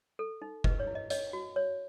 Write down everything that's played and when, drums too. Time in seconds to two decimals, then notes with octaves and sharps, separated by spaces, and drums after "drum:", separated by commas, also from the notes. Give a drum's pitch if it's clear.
0.19 A4
0.42 D#4
0.64 B4 D#5, drum: kick F1
0.80 C#5
0.87 E4
0.95 D#5
1.10 C#5 D#5, drum: hi-hat
1.33 F#4
1.56 C#5